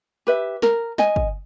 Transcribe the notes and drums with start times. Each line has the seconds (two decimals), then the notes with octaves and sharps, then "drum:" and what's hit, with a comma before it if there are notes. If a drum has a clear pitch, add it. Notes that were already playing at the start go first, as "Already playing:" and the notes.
0.27 G4 B4 E5
0.62 A#4, drum: snare
0.98 D#5 G#5, drum: snare
1.16 drum: kick